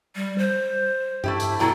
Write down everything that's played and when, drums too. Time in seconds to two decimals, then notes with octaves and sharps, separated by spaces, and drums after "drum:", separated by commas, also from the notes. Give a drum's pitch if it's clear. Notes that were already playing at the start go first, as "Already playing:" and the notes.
0.15 G3
0.38 C5
1.24 A3 E4 G4, drum: tom G2
1.40 drum: hi-hat
1.60 B2 F#3 E4 A4